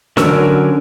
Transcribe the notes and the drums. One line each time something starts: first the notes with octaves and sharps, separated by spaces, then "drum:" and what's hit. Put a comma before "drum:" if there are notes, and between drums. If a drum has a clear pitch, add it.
D3 F#3 C#4 A#4 E6, drum: snare